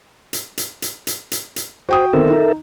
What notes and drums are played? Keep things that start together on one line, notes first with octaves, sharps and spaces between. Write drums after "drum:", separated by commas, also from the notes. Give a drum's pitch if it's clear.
drum: hi-hat
drum: hi-hat
drum: hi-hat
drum: hi-hat
drum: hi-hat
drum: hi-hat
F#4 C5 G5 D#6
D#3 B3 C4 A4 A#4 E5
D#4